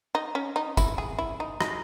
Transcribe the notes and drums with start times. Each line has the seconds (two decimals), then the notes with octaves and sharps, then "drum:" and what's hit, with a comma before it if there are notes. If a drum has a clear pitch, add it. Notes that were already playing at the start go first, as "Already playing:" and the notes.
0.15 D#4
0.35 C#4
0.56 D#4
0.77 E4, drum: kick G1, tambourine
0.98 G#4
1.19 E4
1.40 D#4
1.61 D#4, drum: rim click